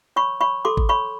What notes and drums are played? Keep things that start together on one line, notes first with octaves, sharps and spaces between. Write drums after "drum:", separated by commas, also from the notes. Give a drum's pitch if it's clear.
C#5 B5 C#6
C#5 B5 C#6
A4 C6 D6
drum: kick G#1
C#5 B5 C#6